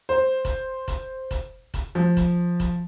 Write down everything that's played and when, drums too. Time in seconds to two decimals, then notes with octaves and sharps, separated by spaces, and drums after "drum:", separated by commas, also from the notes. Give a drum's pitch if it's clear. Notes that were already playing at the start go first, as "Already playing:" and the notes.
0.09 C5
0.45 drum: kick F1, hi-hat
0.88 drum: kick F1, hi-hat
1.31 drum: kick F1, hi-hat
1.74 drum: kick F1, hi-hat
1.95 F3
2.17 drum: kick F1, hi-hat
2.60 drum: kick F1, hi-hat